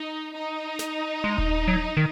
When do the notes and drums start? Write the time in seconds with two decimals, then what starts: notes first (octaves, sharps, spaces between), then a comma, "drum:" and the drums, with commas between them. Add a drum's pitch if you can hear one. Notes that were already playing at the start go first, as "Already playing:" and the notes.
Already playing: D#4
0.34 D#4
0.79 drum: snare
1.24 G#3
1.38 drum: kick D#1
1.68 F#3
1.97 D#3